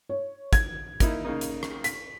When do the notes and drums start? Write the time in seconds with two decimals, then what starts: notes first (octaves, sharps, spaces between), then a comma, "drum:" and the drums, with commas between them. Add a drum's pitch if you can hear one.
0.09 C#5
0.53 G#6, drum: kick, hi-hat
1.00 A#3 D#4 E4, drum: kick, hi-hat
1.25 C#3 A#3 D#4
1.41 drum: hi-hat
1.63 drum: rim click
1.84 B6, drum: hi-hat